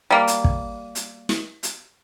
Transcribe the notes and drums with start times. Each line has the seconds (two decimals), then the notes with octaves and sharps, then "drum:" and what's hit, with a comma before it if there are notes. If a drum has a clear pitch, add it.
0.11 G3 A#3
0.27 drum: hi-hat
0.44 drum: kick
0.95 drum: hi-hat
1.29 drum: snare
1.63 drum: hi-hat